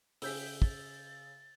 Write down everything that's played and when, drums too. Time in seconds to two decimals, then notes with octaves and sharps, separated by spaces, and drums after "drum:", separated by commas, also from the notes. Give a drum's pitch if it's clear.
0.22 C#3 G#4 G5 E6 G6 B6, drum: open hi-hat
0.62 A6, drum: kick